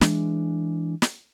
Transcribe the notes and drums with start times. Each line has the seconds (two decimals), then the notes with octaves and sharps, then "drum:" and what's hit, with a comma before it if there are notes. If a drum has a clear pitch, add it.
0.01 E3 G#3 D4, drum: snare
1.02 drum: snare